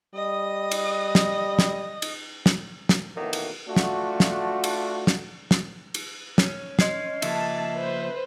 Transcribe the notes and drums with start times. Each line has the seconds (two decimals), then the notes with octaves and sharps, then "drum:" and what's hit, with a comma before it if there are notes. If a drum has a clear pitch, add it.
0.15 G3 D#5 D#6
0.71 drum: cymbal
1.15 drum: snare
1.59 drum: snare
2.02 drum: cymbal
2.46 drum: snare
2.89 drum: snare
3.17 B2 D#3 E3 F#3 A3 A#3
3.33 drum: cymbal
3.67 A3 D4 F4 F#4
3.76 drum: snare
4.20 drum: snare
4.64 drum: cymbal
5.07 drum: snare
5.51 drum: snare
5.94 drum: cymbal
6.38 C#4, drum: snare
6.79 D#5 G#6 C7, drum: snare
7.22 C#3 F3 A#3 E5 A5, drum: cymbal
7.76 B4 C5